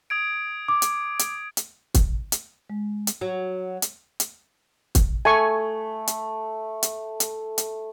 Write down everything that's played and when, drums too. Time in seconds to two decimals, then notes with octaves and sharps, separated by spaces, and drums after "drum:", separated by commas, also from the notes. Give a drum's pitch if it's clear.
0.10 D#6 G#6 D7
0.68 D6
0.82 drum: hi-hat
1.19 drum: hi-hat
1.57 drum: hi-hat
1.94 drum: kick, hi-hat
2.32 drum: hi-hat
2.70 G#3
3.07 drum: hi-hat
3.21 F#3
3.82 drum: hi-hat
4.20 drum: hi-hat
4.95 drum: kick, hi-hat
5.25 A3 G#5 C#6
6.07 drum: hi-hat
6.83 drum: hi-hat
7.20 drum: hi-hat
7.58 drum: hi-hat